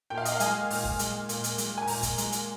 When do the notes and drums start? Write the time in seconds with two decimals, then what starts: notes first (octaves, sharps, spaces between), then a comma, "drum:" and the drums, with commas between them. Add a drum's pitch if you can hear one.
0.10 A#2 G5
0.18 F5
0.25 D#5, drum: hi-hat
0.32 F5
0.40 G#3 G#5, drum: hi-hat
0.70 A#2, drum: open hi-hat
0.85 drum: kick
0.99 G#3, drum: hi-hat
1.29 A#2, drum: hi-hat
1.44 drum: hi-hat
1.58 G#3, drum: hi-hat
1.78 G#5
1.87 A#2 A#5, drum: open hi-hat
2.03 drum: kick, hi-hat
2.18 G#3, drum: hi-hat
2.32 drum: hi-hat